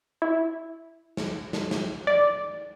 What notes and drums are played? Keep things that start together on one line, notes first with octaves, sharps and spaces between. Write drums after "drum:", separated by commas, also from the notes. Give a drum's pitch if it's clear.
E4
drum: snare
drum: snare
drum: snare
D5